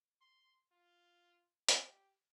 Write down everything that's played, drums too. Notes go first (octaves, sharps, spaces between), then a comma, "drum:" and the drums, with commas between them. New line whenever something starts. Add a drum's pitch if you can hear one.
C6
F4
G4, drum: hi-hat